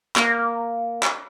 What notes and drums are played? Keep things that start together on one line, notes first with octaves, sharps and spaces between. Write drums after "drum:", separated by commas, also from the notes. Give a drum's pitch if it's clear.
A#3, drum: clap
drum: clap